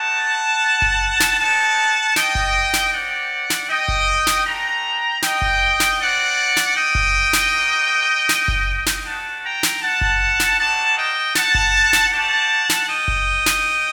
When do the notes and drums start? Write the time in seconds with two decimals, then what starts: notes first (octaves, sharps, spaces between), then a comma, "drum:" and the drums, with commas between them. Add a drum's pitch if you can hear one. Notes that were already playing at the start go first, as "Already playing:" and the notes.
Already playing: A3 D#4 F#4 F#5 A5
0.82 drum: kick F#1
1.20 drum: snare
1.39 C4 D#4 G4 F#5 A5
2.16 D#5 G5, drum: snare
2.35 drum: kick F#1
2.73 drum: snare
2.93 C4 G4 D5 F#5
3.50 drum: snare
3.69 D#5 G5
3.88 drum: kick F#1
4.27 drum: snare
4.45 A3 D4 F#4 G5 A#5
5.22 D#5 G5, drum: snare
5.42 drum: kick F#1
5.80 drum: snare
5.99 C4 F#4 D5 F#5
6.57 drum: snare
6.75 D#5 G5
6.95 drum: kick F#1
7.33 drum: snare
7.53 A#3 D#4 F#4
8.29 drum: snare
8.48 drum: kick F#1
8.86 drum: snare
9.06 A3 D4 F#4 F#5 A5
9.44 G5 A#5
9.63 drum: snare
9.82 F#5 A5
10.01 drum: kick F#1
10.40 drum: snare
10.59 G3 A#3 D#4 F#4 F#5 A5
10.97 D#5 G5
11.35 F#5 A5, drum: snare
11.55 drum: kick F#1
11.93 drum: snare
12.12 A3 D4 G4 F#5 A5
12.69 drum: snare
12.88 D#5 G5
13.08 drum: kick F#1
13.46 drum: snare